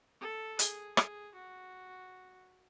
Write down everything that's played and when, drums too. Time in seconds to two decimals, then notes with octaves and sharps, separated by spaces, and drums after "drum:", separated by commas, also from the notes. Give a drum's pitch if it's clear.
0.20 A4
0.59 G#4, drum: hi-hat
0.97 G#4, drum: rim click
1.35 F#4